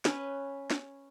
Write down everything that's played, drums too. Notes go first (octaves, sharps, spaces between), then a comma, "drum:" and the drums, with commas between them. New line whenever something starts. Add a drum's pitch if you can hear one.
C#4 B4, drum: snare
drum: snare